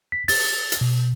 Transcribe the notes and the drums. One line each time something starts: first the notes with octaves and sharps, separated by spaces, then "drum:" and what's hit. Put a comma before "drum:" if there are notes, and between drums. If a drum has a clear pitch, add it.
B6
A6, drum: open hi-hat
drum: hi-hat
B2